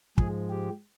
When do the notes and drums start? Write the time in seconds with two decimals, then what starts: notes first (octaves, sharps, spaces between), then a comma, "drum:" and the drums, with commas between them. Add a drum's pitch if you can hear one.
0.18 G#2 F3 G#3 G#4, drum: kick
0.50 G4